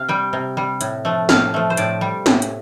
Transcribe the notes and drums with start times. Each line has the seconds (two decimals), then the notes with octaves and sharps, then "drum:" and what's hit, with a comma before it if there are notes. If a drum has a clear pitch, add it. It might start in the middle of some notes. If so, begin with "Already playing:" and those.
Already playing: C3 F5
0.08 G3 G5
0.33 C3
0.57 G3
0.81 A2, drum: hi-hat
1.05 F3 A3
1.29 A2 F5, drum: snare
1.54 F3 A3
1.70 C5
1.77 A2 D5, drum: hi-hat
2.01 G3
2.26 A2, drum: snare
2.42 drum: hi-hat